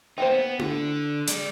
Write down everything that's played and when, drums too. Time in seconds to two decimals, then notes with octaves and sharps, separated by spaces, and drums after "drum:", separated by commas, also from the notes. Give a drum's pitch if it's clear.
0.18 A#3 D#4 C5 F#5 G5
0.31 B3
0.59 D3, drum: tom E4
1.27 G#3 D5, drum: hi-hat